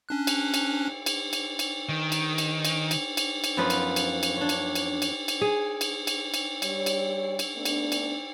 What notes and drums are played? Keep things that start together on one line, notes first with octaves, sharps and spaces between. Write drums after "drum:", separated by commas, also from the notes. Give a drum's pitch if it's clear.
C#4 D4 F#6
drum: cymbal
drum: cymbal
drum: cymbal
drum: cymbal
drum: cymbal
D#3
drum: cymbal
drum: cymbal
drum: cymbal
drum: cymbal
drum: cymbal
drum: cymbal
F#2 F3 B3 F4 B4 F5
drum: cymbal
drum: cymbal
drum: cymbal
C#4 D4
drum: cymbal
drum: cymbal
drum: cymbal
drum: cymbal
G#4
drum: cymbal
drum: cymbal
drum: cymbal
G3 C#5, drum: cymbal
drum: cymbal
drum: cymbal
A3 B3 C4 D4
drum: cymbal
drum: cymbal